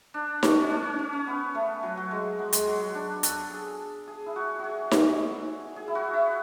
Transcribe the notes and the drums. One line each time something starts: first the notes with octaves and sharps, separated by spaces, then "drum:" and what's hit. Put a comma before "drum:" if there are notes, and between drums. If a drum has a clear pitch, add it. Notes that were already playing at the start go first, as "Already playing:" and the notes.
D4
C#4, drum: snare D#4
C#4
D4
C#4
C#4
C#4
B3
A3
F#3
F#3
G#3
F#3
G#3, drum: hi-hat
F#3
F#3
D4
B4
A4, drum: hi-hat
G#4
G#4
E4
F#4
F#4 G#4
drum: snare D#4
G#4
E4
F#4
E4